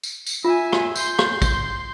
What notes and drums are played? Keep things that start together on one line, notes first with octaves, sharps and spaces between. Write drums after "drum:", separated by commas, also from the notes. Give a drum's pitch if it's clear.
drum: tambourine
drum: tambourine
F4 E5 G#5
drum: rim click
C6 G6, drum: tambourine
drum: rim click
drum: kick, tambourine